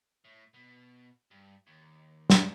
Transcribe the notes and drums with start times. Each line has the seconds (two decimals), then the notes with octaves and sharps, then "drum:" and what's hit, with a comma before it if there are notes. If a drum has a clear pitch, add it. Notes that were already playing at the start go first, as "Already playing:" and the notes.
0.25 A2
0.54 B2
1.31 G2
1.67 D#2
2.30 drum: snare